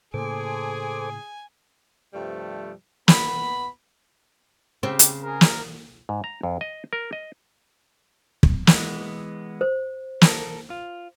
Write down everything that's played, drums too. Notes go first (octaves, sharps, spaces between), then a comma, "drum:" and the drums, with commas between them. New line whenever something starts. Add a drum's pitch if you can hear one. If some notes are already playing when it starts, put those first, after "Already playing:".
A2 C#3 A#3 G#4 A4 C5 G#5 D6
G2 C3 F3 G3 A3
B3 B5, drum: snare
C#3 C4 G4
drum: hi-hat
G#4 A#4
drum: snare
G#2
A#5
F2
D#5
A#4
D#5
drum: kick
E3 G#3 B3, drum: snare
C5
A4 A#4, drum: snare
F4